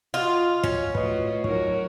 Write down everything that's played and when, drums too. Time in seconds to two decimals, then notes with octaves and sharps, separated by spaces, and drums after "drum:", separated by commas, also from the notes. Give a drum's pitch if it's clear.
0.14 F4 F#4 D#5
0.64 C#4, drum: kick
0.95 A2 F4 F#4 B4 D#5, drum: kick
1.44 F#3 D#4 F#4 A#4 C#5, drum: kick